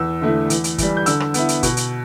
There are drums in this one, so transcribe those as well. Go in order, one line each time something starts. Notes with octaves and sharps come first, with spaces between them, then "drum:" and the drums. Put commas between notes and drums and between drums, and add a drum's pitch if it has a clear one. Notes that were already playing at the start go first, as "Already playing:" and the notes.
Already playing: E2 E6
D3 A3 E4
E2, drum: hi-hat
drum: hi-hat
E3 G3, drum: kick G1, hi-hat
G6
D3 E6, drum: hi-hat
drum: rim click
B3 E4, drum: hi-hat
drum: hi-hat
B2, drum: kick G1, hi-hat
drum: hi-hat